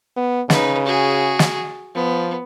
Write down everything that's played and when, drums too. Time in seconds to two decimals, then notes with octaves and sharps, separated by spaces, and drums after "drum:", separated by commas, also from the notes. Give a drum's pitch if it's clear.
0.16 B3
0.50 C#3 D#4 B4, drum: snare
0.87 F#4 G#4
1.39 drum: snare
1.95 F3 B3